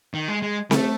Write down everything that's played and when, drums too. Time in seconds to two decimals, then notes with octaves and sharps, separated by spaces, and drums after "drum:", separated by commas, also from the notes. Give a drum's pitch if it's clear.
0.14 D#3
0.28 G#3
0.42 G#3
0.71 A3, drum: snare C4